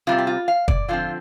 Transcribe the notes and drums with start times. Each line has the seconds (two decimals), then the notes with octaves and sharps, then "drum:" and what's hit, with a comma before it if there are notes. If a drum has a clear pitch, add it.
0.07 C3 G3 C4 F4
0.18 G4
0.27 F4
0.48 F5
0.68 D5, drum: kick
0.88 D3 F3 C4 F4